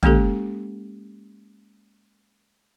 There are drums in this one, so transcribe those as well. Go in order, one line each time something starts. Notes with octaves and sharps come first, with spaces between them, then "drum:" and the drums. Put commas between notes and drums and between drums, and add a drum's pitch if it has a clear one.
G#3 A#3 C#4 G4 A4, drum: tom